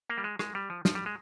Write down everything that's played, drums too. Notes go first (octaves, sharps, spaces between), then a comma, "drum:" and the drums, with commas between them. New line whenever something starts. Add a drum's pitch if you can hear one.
A#3
G3
G#3
G#3, drum: rim click
G3
F3
F3, drum: snare
G3
G#3